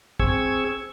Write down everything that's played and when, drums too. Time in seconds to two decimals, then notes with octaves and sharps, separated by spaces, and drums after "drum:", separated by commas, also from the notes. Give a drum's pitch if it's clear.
0.20 C4 G#4 C#6 E6 G#6, drum: kick